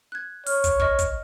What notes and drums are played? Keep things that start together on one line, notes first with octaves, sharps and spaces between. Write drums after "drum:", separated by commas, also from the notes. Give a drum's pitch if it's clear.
F#6 G#6
C#5 F6, drum: open hi-hat
drum: kick, hi-hat
D#5 C#6 F6, drum: kick
drum: kick, hi-hat